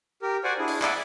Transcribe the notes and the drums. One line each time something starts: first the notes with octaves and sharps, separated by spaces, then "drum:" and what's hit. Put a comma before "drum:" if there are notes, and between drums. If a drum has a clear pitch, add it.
G4 A#4
F#4 C5 D5 F#5 G#5
D4 E4 G#4
drum: open hi-hat
D5 E5 F#5 G#5 B5 D6, drum: clap